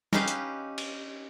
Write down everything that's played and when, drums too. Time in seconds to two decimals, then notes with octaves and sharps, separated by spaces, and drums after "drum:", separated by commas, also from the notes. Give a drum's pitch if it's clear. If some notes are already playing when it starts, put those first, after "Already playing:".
0.13 C#4 D#4 G4 B4 F5, drum: snare
0.28 drum: hi-hat
0.78 drum: cymbal